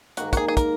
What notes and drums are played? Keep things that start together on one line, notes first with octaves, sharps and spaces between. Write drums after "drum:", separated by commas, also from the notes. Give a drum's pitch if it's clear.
G#2 D#3 A#3 F#4, drum: hi-hat
F#4, drum: kick, hi-hat
G#4
G#4
A#4, drum: kick, hi-hat